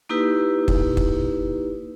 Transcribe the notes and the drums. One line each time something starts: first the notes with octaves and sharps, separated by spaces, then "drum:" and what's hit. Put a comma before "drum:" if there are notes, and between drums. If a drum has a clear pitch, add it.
A#3 D#4 E4 G4 B4
drum: kick
drum: kick